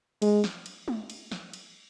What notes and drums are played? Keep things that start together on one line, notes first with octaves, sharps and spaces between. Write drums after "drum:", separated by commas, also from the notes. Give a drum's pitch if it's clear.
G#3, drum: cymbal
drum: snare
drum: cymbal
drum: tom G#3
drum: cymbal
drum: snare
drum: cymbal